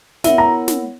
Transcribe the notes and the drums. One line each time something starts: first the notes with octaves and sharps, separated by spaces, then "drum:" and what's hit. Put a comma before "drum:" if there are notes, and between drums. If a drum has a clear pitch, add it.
B3 E4 A#4 C#5 E5 F#5, drum: snare
A#5
drum: snare